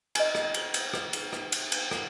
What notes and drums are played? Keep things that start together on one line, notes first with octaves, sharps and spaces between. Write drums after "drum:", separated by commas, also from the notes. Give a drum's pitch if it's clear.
D#5 G#5, drum: cymbal
drum: rim click
drum: cymbal
drum: cymbal
drum: rim click
drum: cymbal
drum: rim click
drum: cymbal
drum: cymbal
drum: rim click